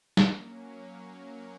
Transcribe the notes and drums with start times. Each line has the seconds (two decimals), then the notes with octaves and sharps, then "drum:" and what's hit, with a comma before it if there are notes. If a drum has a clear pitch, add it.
0.17 F#3 A#3 C#4, drum: snare